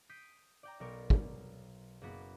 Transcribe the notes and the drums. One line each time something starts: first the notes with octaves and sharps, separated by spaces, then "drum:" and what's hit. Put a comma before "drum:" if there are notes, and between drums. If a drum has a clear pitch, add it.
D#6 G6 B6 C7 D7 D#7
D5 G5 A#5
B1 F#3 B3 A#4 D5 C#6
drum: kick
F#1 A#3 B3 F#4 B5